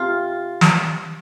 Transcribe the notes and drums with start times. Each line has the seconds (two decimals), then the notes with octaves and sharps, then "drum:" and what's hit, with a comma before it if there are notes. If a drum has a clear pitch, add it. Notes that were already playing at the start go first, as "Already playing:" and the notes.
Already playing: C3 F4
0.61 drum: snare